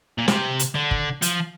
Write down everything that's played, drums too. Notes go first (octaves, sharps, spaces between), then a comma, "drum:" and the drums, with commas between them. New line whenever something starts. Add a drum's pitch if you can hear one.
A#2
C3, drum: snare
drum: hi-hat
D3
drum: kick G1
F3, drum: hi-hat